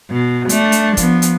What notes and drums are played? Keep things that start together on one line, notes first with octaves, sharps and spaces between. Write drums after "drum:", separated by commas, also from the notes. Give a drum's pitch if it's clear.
B2
A3 D4, drum: hi-hat
drum: hi-hat
F3 B3, drum: kick, hi-hat
drum: hi-hat